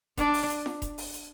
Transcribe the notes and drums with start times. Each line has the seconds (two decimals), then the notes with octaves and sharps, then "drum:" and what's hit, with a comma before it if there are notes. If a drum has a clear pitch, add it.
0.17 D4, drum: kick E1, hi-hat
0.34 drum: open hi-hat
0.50 drum: hi-hat
0.66 drum: snare
0.82 drum: kick E1, hi-hat
0.98 drum: open hi-hat
1.14 drum: hi-hat